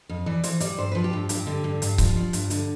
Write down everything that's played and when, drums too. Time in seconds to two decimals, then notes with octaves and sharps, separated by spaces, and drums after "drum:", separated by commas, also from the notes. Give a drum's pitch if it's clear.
0.09 F2
0.26 E3 D5
0.43 E3 C5, drum: hi-hat
0.60 G3 D5, drum: hi-hat
0.78 G2 C5
0.92 F3 B4
1.04 G4
1.13 G2
1.29 G2 G4, drum: hi-hat
1.47 D3
1.64 G2
1.82 G2, drum: hi-hat
1.98 F3, drum: kick C#1, hi-hat
2.16 F3
2.33 G2, drum: hi-hat
2.50 D3, drum: hi-hat